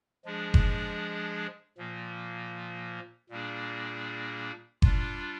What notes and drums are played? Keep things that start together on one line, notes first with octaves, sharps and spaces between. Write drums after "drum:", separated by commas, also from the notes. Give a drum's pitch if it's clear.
F3 G#3 D4 G#4
drum: kick F#1
A#2 F3 A#3
A#2 G3 A#3 D4 G#4
G3 D4 F4, drum: kick F#1